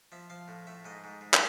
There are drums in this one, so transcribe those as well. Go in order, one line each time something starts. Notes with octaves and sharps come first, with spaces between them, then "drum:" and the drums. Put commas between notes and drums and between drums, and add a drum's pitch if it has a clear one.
F3 E5
F3 F5
A2
A2 E5
G#2 D#5
G#2
G#2
drum: clap